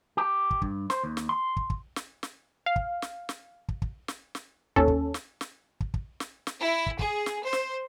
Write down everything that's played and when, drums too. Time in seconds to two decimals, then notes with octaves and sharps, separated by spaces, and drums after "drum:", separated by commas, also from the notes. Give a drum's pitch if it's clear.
0.17 G4
0.51 drum: kick
0.62 G2, drum: kick
0.90 C5, drum: snare
1.04 D#2
1.17 drum: snare
1.29 C6
1.57 drum: kick
1.70 drum: kick
1.96 drum: snare
2.23 drum: snare
2.66 F5
2.76 drum: kick
3.02 drum: snare
3.29 drum: snare
3.69 drum: kick
3.82 drum: kick
4.08 drum: snare
4.35 drum: snare
4.76 D#2 C#4 A4, drum: kick
4.88 drum: kick
5.14 drum: snare
5.41 drum: snare
5.80 drum: kick
5.94 drum: kick
6.20 drum: snare
6.47 drum: snare
6.59 E4
6.86 drum: kick
6.99 G#4, drum: kick
7.26 drum: snare
7.43 C5
7.53 drum: snare